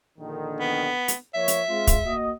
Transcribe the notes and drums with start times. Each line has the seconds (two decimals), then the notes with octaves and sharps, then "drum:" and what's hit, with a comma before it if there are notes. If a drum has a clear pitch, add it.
0.19 A#1 D3 D#3
0.60 B3
1.08 drum: hi-hat
1.34 F3 A#3 C#5 E5
1.48 drum: hi-hat
1.68 G#3 C4 F4
1.87 drum: kick, hi-hat
2.04 A#3 F#4 D#5